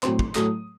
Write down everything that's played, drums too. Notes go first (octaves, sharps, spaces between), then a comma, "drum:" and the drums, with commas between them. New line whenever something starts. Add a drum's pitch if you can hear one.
A2 F#3 C4 C6, drum: clap
drum: kick
A2 F#3 A3 D#6, drum: clap